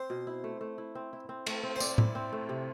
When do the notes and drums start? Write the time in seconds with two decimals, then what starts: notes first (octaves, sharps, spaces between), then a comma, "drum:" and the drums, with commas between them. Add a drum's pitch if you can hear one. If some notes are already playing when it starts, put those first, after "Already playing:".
Already playing: C4 C5
0.10 B2
0.27 E4
0.44 A3
0.61 A3
0.78 E4
0.95 C4
1.13 E4
1.29 C4
1.46 A3, drum: cymbal
1.63 C4
1.76 C5
1.80 C4 D5, drum: tambourine
1.98 E4, drum: tom A2
2.15 C4
2.32 A3
2.49 C3